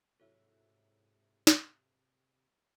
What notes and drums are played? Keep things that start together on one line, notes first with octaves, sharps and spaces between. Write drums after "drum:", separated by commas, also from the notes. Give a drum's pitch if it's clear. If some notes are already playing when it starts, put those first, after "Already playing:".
G#2 C3 F#3 E4 A4 C#5
drum: snare